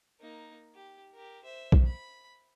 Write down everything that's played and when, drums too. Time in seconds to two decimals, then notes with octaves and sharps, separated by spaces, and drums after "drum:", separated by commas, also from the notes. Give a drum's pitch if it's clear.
0.21 A#3 D#4
0.75 G4
1.13 G4 A#4
1.43 C5 E5
1.72 drum: kick B1
1.86 B5